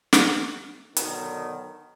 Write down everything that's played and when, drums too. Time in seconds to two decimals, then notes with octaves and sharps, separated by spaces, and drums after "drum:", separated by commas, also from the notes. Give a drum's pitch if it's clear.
0.13 drum: snare
0.96 B2 D3 D#3 F#3, drum: hi-hat